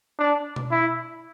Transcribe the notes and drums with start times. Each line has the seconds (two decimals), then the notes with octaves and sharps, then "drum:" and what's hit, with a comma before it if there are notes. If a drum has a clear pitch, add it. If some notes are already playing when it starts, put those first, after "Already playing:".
0.19 D4
0.56 drum: tom B2
0.71 E4